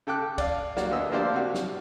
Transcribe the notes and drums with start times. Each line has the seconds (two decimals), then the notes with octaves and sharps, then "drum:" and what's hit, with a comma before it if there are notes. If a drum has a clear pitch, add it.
0.07 C#3 A4 G5 D6 F#6
0.38 D5 F5, drum: kick, cymbal
0.77 A#3 F#4 D5, drum: snare
0.91 D2 B3 D#5 E6
1.12 F3 A#3 D4 G4 C5 D5
1.34 C3 F#4
1.54 drum: snare